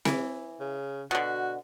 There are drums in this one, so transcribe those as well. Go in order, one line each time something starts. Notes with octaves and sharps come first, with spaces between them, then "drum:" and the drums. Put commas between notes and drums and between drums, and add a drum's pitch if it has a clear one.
E3, drum: snare C4
C#3
B2 D3 F#4